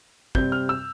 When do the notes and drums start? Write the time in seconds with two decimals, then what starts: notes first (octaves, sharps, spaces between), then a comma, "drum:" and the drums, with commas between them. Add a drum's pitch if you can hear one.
0.35 C3 G3 C4 G6, drum: kick
0.52 F6
0.69 E6